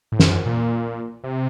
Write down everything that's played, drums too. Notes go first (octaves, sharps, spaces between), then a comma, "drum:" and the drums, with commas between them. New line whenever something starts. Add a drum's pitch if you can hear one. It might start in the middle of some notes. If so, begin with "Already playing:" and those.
A2
F#2, drum: snare
A#2
C3